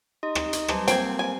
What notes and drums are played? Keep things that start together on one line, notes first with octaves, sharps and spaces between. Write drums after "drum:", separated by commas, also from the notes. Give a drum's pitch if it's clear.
D#4 G4 D#5
drum: rim click
drum: hi-hat
F#3 G3 G4, drum: rim click
A#3 C4 G5 G#5, drum: hi-hat
G#5